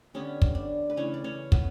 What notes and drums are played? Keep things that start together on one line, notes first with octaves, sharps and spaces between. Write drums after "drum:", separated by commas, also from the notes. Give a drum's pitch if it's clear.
D3 G3 B3 C#4
drum: kick
D4
B4
C#3 E3 A3 C#4 C#5
D5
C#4 C#5
B3 B4, drum: kick